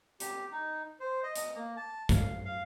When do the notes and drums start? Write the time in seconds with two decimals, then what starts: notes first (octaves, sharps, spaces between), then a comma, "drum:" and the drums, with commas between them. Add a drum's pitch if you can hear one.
0.20 G4, drum: hi-hat
0.51 D#4
1.00 C5
1.23 D#5
1.36 D#5, drum: hi-hat
1.55 A#3
1.77 A5
2.09 F5, drum: kick, hi-hat
2.45 F5